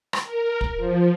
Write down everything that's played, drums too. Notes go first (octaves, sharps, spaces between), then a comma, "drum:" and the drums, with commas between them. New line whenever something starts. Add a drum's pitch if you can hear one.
drum: rim click
A#4
drum: kick
F3